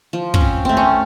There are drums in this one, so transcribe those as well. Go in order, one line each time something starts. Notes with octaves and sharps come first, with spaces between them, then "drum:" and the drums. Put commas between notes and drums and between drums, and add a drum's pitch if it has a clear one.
F3
C#4, drum: kick
C4
A3 C4
C#4